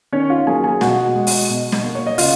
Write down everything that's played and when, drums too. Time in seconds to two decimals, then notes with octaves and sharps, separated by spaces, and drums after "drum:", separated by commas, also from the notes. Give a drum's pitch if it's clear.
0.12 D#3 C#4 C#5
0.30 F4 F5
0.47 F#3 A#3 G#4 G#5
0.64 G#4 G#5
0.81 B2 F#4 F#5, drum: snare
1.15 G#3
1.27 drum: open hi-hat
1.50 B2
1.72 drum: snare
1.84 A#3
1.95 C#5
2.07 D#5
2.18 C#3 F4 F5, drum: open hi-hat